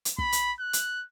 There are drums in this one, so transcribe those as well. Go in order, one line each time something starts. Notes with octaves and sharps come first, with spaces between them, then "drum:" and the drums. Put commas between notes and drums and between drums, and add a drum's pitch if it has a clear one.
drum: hi-hat
B5, drum: kick
drum: hi-hat
F#6
drum: hi-hat